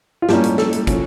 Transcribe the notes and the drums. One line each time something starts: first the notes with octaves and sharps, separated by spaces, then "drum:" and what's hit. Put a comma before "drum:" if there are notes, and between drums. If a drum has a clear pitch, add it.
F4
A2 G3 A#3 C#4 G4, drum: snare
drum: hi-hat
A4, drum: snare
drum: hi-hat
F3 C#4, drum: kick, hi-hat